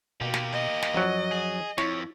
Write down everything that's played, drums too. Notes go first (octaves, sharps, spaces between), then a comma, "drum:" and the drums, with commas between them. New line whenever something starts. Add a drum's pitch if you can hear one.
B2 A#3 G4
drum: snare
D#5
drum: snare
F#2 F3 F#3
G#4
F2 E4 C#5, drum: snare